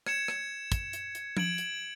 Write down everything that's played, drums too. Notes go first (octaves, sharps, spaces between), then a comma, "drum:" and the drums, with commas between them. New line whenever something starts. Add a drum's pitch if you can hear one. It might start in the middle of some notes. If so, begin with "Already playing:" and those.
G#6 C#7 E7, drum: rim click
drum: rim click
drum: kick, hi-hat
drum: hi-hat
drum: hi-hat
G#6 D7 F#7, drum: tom F3
drum: hi-hat